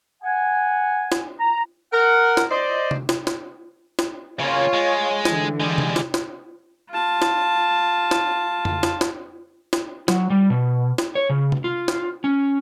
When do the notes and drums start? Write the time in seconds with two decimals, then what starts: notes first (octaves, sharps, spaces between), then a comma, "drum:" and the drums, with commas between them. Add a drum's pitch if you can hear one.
0.23 F#5 G#5
1.12 drum: snare
1.40 A#5
1.92 A#4 F#5
2.37 drum: snare
2.49 C5 D5 D#5
2.91 drum: tom C3
3.09 drum: snare
3.27 drum: snare
3.99 drum: snare
4.40 C#3 A#3 F4 C#5
4.73 G#3
5.25 D3 E3, drum: snare
5.60 G3 G#3
5.78 drum: tom C3
5.96 drum: snare
6.14 drum: snare
6.90 F4 A5
7.22 drum: snare
8.11 drum: snare
8.65 drum: tom F2
8.83 drum: snare
9.01 drum: snare
9.73 drum: snare
10.08 F#3, drum: snare
10.30 G3
10.50 B2
10.98 drum: snare
11.15 C#5
11.30 C#3
11.52 drum: tom C3
11.64 F4
11.88 drum: snare
12.24 C#4